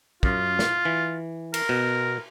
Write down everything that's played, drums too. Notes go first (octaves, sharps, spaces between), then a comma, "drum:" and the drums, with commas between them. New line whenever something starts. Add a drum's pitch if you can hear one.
F#2 F4, drum: kick
drum: snare
E3
A#4, drum: cymbal
B2